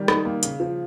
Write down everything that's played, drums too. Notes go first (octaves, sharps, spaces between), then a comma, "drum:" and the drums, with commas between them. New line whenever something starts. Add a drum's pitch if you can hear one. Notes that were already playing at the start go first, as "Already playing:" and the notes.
Already playing: D#3 G3
D#4, drum: rim click
A#3
C#3, drum: hi-hat
F3